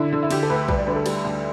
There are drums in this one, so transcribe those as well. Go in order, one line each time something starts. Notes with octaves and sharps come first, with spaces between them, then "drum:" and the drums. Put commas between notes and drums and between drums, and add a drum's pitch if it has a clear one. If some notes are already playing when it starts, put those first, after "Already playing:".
Already playing: D3 E4
D3
E4
D3 G4, drum: cymbal
A4
D2 B4
G3 B4, drum: kick A#1
D5
D3 B4
A4
G3, drum: cymbal
D2